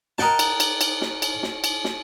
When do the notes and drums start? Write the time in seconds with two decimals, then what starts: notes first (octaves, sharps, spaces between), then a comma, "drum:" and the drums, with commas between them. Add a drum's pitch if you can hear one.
0.18 A#4 D#5 F#5 G5 A5, drum: snare
0.39 drum: cymbal
0.60 drum: cymbal
0.81 drum: cymbal
1.01 drum: snare
1.22 drum: cymbal
1.43 drum: snare
1.64 drum: cymbal
1.84 drum: snare